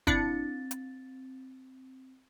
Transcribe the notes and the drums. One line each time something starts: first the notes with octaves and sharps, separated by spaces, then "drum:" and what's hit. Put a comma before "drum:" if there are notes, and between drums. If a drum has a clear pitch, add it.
C4 D4 E4 A6 C#7, drum: kick
drum: hi-hat